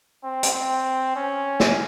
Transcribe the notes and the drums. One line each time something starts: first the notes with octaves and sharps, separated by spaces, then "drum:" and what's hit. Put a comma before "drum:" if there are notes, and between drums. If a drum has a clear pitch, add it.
C4
drum: hi-hat
C4
C#4
drum: snare